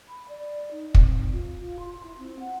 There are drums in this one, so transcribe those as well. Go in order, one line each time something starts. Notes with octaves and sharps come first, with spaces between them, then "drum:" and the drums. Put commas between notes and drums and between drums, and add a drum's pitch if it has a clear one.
B5
D5
D#4
C4, drum: kick
F4
F4
C6
E4
C4
F#5